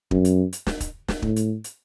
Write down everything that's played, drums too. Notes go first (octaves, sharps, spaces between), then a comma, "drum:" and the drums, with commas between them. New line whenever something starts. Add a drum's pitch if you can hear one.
F#2, drum: kick
drum: hi-hat
drum: hi-hat
drum: snare
drum: kick, hi-hat
drum: snare
A2, drum: kick
drum: hi-hat
drum: hi-hat